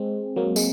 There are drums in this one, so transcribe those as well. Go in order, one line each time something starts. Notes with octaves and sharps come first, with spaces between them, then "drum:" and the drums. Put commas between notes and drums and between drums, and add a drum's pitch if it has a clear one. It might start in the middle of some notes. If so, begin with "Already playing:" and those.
Already playing: G#3 C4
F#3 A#3
G#3, drum: tambourine